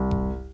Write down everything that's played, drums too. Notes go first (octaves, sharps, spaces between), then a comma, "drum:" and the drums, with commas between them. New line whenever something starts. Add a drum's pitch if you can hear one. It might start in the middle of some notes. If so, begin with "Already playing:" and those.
Already playing: C2
drum: kick F1